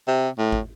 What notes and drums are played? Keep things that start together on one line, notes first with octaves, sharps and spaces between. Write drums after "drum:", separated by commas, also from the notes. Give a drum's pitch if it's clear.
C3
A2
drum: kick G#1